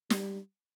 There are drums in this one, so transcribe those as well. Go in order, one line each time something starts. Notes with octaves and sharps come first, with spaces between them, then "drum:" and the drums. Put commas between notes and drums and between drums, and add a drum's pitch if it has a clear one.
G3, drum: snare